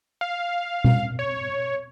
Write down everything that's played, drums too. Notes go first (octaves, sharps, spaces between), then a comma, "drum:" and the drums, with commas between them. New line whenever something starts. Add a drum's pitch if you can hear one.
F5
drum: tom B2
C#5